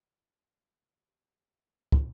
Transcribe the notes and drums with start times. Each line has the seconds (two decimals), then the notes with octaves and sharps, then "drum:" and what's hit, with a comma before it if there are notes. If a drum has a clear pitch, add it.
0.10 F4
0.55 F#4
1.00 G4
1.92 drum: kick